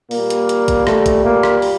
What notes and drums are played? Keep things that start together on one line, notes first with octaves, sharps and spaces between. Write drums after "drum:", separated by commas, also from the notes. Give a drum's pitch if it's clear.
A#2 G3 A#3, drum: open hi-hat
drum: hi-hat
drum: hi-hat
drum: kick A1, hi-hat
A3, drum: rim click
drum: kick A1, hi-hat
A#3
drum: rim click
drum: open hi-hat